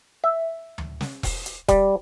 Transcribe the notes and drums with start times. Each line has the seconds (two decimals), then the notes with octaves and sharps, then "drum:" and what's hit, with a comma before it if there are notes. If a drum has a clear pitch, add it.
0.24 E5
0.78 drum: tom D2
1.01 drum: snare
1.23 drum: kick E1, open hi-hat
1.46 drum: hi-hat
1.68 G3, drum: kick E1, hi-hat